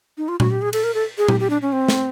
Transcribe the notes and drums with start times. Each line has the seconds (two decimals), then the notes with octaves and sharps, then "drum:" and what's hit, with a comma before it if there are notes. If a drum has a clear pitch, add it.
0.17 D#4
0.28 F4
0.40 F#4, drum: tom A#2
0.50 G4
0.62 G#4
0.73 A4, drum: cymbal
0.84 A#4
0.94 A4
1.18 G#4
1.28 G4, drum: tom A#2
1.40 G4
1.50 D4
1.62 C#4
1.73 C4
1.88 drum: snare